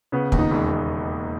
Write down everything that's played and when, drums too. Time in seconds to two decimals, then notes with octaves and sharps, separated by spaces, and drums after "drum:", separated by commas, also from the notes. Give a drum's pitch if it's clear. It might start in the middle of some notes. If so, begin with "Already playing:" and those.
0.12 C#3 B3
0.32 D#2, drum: kick
0.38 D#4
0.51 E1